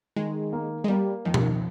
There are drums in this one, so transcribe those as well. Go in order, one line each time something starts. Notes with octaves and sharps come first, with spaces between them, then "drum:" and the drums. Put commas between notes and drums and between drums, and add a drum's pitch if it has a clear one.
D#3 G#3
A#3
G#3
G3 A#3
F2 D#3
drum: tom B2